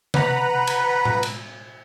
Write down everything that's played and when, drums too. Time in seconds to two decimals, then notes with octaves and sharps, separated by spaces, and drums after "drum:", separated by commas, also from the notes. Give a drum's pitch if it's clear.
0.14 B4 F#5 A#5 B5, drum: tom C3
0.67 drum: cymbal
1.05 drum: tom A2
1.23 drum: cymbal